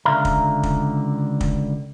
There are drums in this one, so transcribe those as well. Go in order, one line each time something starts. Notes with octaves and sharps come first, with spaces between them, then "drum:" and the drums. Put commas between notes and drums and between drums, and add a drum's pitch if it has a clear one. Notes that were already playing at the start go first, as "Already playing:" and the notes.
C#2 F#2 D3 E5 F5 A#5
drum: kick
drum: kick
drum: kick